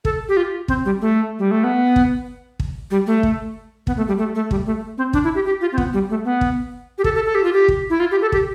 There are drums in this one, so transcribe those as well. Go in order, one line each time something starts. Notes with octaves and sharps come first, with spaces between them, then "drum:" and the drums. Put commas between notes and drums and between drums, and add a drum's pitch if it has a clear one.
A4, drum: kick
G4
F4
C4, drum: kick
G3
A3
G3
A3
B3
drum: kick
drum: kick
G3
A3
drum: kick
B3, drum: kick
A3
G3
A3
A3
G3, drum: kick
A3
C4
D4, drum: kick
E4
G4
G4
F4
C4
B3, drum: kick
G3
A3
B3
drum: kick
G4
A4, drum: kick
A4
A4
G4
F4
G4
drum: kick
E4
F4
G4
A4
G4, drum: kick